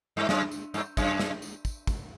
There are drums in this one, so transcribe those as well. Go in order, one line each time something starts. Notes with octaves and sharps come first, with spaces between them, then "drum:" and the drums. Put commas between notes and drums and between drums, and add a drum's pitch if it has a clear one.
G2
F#2, drum: snare
drum: tambourine
G2, drum: tambourine
F#2, drum: kick, tambourine
drum: snare
drum: tambourine
drum: kick, tambourine
drum: kick, tambourine